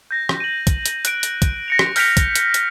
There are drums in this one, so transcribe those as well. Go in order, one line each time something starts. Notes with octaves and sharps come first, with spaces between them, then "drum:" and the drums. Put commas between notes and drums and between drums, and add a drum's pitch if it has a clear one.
G6 A#6
drum: rim click
D#7 F#7
drum: kick, hi-hat
drum: hi-hat
F#6 D7, drum: hi-hat
drum: hi-hat
drum: kick, hi-hat
A#6 C#7 F7
drum: rim click
F6 G6 B6 C#7 D7 F7, drum: open hi-hat
drum: kick, hi-hat
drum: hi-hat
drum: hi-hat